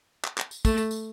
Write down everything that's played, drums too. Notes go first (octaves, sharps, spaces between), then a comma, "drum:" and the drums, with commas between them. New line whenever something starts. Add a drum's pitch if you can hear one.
drum: clap
drum: clap
drum: tambourine
A3, drum: kick, tambourine
drum: tambourine
drum: tambourine